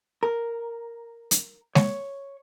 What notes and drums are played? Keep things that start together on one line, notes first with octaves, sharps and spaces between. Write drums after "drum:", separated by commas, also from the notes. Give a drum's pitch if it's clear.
A#4
drum: hi-hat
C#5, drum: snare G#3